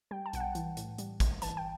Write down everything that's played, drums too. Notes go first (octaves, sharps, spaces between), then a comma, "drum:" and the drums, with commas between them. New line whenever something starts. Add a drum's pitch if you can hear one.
G3 G5
A5
B1 F#5, drum: hi-hat
G5
E3, drum: hi-hat
A2, drum: hi-hat
G3, drum: hi-hat
G1, drum: kick, hi-hat
E3 A5, drum: hi-hat
G5